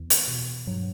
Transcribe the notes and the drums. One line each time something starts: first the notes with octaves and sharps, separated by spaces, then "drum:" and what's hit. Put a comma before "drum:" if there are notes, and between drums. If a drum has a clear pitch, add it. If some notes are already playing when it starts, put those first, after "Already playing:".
Already playing: E2
drum: hi-hat
B2
G2 F#3